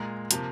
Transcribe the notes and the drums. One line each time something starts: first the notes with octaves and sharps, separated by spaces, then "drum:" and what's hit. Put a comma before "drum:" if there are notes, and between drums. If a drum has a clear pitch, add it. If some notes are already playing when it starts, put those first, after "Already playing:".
Already playing: A#2 G#3 A#5
C3 F3 A#3, drum: hi-hat